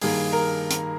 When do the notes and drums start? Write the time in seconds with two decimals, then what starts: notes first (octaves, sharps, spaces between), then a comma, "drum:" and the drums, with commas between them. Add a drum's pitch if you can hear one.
0.01 G2 D#3 A#3 G#4, drum: open hi-hat
0.32 A#4
0.71 drum: hi-hat